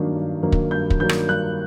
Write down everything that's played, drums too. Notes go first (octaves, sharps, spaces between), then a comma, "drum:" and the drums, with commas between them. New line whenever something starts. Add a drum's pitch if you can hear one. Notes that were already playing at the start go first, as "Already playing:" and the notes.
Already playing: G2 D#3 F#3 A#3 D4
G2
D#3 F#3 A#3 D4
drum: kick
G2 G6
drum: kick
D#3 F#3 A#3 D4 G6
drum: rim click
G2 F#6